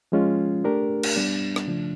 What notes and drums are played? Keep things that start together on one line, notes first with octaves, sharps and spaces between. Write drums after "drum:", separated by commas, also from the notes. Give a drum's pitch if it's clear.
F3 G#3 C#4 F4
A3 D4 G4 A#4
drum: cymbal
G3 B3 D4
drum: rim click
C#3 F3 A3 D4